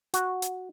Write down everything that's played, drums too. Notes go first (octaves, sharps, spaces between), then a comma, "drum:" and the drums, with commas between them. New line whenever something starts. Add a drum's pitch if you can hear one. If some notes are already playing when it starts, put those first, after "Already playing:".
F#4, drum: hi-hat
drum: hi-hat